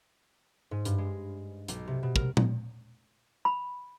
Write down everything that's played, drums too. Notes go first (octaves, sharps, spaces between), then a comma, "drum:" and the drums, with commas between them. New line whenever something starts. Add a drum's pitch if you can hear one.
G#2
G2, drum: hi-hat
G#3
B1, drum: hi-hat
C3
B2
A#4, drum: kick
drum: tom A#2
B5